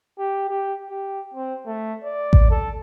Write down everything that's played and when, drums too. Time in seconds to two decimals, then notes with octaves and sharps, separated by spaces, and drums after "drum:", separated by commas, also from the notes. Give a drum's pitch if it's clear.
0.18 G4
0.49 G4
0.90 G4
1.34 C4
1.67 A3
2.04 D5
2.33 drum: kick A1
2.51 A4